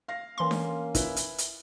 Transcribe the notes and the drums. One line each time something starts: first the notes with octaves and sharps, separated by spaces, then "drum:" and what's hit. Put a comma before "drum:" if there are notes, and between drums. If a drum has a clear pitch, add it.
F5 A#6
E3 A#3 C#4 C6
drum: snare D4
E4 B4, drum: kick, hi-hat
drum: hi-hat
drum: hi-hat